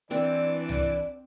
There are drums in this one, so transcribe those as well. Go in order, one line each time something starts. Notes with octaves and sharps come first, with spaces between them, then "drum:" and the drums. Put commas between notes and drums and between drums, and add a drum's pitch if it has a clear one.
E3 C4 D4 D5
drum: tom C2